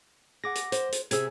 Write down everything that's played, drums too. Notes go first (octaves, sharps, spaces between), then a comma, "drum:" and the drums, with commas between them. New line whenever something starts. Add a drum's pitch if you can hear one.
G#4 F#5 D6 A#6
drum: hi-hat
C5, drum: hi-hat
drum: hi-hat
C3 C4 G#4 E6 G#6, drum: hi-hat